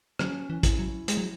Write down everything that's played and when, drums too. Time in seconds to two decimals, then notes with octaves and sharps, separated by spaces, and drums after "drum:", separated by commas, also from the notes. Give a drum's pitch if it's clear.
0.19 F#3 C#4, drum: rim click
0.50 E3
0.63 E4, drum: kick, hi-hat
0.79 F#3
1.08 G#3, drum: hi-hat
1.17 F#3